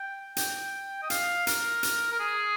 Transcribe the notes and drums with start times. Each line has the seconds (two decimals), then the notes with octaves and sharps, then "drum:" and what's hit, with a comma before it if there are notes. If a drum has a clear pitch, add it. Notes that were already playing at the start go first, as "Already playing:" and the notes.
Already playing: G5
0.36 G5, drum: hi-hat
1.03 D#5
1.10 F5, drum: hi-hat
1.47 A#4, drum: hi-hat
1.83 drum: hi-hat
2.12 A#4
2.19 G#4